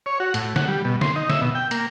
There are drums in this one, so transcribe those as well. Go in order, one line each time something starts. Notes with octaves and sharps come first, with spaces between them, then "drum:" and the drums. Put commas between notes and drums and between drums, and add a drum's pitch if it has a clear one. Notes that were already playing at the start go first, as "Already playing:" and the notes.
C#5
F#4
A2, drum: hi-hat
F#5, drum: snare
G3
B2
C6, drum: snare
D#4
E5, drum: snare
B2
G5
A#3, drum: hi-hat